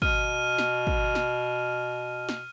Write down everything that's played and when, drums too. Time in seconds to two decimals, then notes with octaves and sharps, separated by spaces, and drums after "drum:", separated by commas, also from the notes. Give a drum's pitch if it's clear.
0.02 B2 F6 D#7, drum: kick
0.58 drum: snare
0.87 drum: kick
1.15 drum: snare
2.29 drum: snare